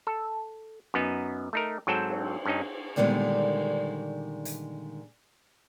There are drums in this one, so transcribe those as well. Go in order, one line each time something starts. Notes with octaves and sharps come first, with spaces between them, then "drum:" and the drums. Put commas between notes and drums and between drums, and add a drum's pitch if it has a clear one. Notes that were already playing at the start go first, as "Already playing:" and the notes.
A4
F#2 B3 D#4
A3 D#4 A#4
G#2 F#3 C4 A4 G5
drum: cymbal
G2 C#4 D#4
A#2 D3 D#3 G3 G#3 B3
drum: hi-hat